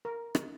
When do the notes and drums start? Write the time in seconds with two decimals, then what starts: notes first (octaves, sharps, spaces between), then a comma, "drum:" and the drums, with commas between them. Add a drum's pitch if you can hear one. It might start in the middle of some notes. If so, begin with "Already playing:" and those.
0.05 A#4
0.35 drum: rim click